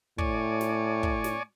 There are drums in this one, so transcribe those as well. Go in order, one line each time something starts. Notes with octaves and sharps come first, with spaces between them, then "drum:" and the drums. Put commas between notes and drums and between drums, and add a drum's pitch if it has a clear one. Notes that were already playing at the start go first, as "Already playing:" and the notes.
A2 C#5 D5 G#5, drum: kick
drum: snare
drum: kick
drum: snare